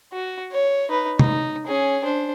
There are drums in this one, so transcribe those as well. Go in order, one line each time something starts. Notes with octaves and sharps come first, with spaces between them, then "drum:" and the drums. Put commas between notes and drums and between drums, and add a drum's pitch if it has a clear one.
F#4
C#5
D#4 B4
D#4, drum: tom
C#4 G#4
D4 C5